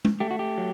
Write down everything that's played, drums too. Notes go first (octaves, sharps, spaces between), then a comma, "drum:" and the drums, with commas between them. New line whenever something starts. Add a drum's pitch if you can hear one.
drum: tom
A3 G4
F#4
G4
F#3